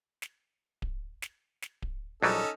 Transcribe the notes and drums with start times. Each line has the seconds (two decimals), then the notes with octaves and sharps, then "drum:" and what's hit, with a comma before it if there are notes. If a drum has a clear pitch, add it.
0.22 drum: snare
0.82 drum: kick D1
1.22 drum: snare
1.62 drum: snare
1.82 drum: kick D1
2.23 A#1 F#3 G3 C#4 D#4 A4